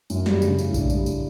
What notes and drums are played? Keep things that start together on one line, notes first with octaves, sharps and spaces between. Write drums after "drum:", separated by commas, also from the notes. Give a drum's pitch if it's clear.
F#2, drum: tambourine
G3, drum: snare
C#3, drum: tambourine
A2, drum: tambourine
D4, drum: kick A#1, tambourine
G3, drum: tambourine
drum: tambourine